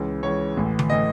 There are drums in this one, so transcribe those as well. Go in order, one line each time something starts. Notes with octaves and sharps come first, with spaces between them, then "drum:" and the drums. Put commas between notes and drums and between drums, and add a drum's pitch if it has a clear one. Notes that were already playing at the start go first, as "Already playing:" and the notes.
Already playing: C#2 C#3 E3
C#2 C#3 E3 C#5
A1 A2 E3
drum: tom D3
A2 E3 D#5